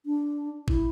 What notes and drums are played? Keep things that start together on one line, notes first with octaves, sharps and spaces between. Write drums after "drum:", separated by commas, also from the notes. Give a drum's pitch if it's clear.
D4
E4, drum: kick A1